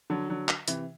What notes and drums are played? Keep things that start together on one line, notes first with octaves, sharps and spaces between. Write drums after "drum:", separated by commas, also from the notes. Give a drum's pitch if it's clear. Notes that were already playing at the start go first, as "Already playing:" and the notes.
D3 F#3
D3 F#3
drum: clap
C3 E3, drum: hi-hat